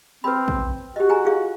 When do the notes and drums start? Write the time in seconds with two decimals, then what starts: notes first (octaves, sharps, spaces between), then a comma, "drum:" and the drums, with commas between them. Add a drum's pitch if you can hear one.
0.24 C4 B4 B5
0.48 drum: kick
0.96 F#4 G4 D#5
1.09 G#4 G#5 A#5
1.25 F4 G#4 F5